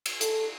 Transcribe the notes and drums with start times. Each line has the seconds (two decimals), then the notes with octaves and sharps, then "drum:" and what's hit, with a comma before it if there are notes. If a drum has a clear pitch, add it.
0.06 drum: cymbal
0.21 A4, drum: hi-hat